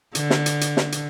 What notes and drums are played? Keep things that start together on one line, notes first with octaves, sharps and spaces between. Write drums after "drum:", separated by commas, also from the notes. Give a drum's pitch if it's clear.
D3, drum: hi-hat
drum: snare
drum: hi-hat
drum: hi-hat
drum: snare
drum: hi-hat